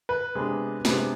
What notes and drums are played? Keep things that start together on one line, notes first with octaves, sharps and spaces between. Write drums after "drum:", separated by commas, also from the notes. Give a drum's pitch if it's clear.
B4
C3 G#3 B3 D4
C3 G#3 B3 D4, drum: snare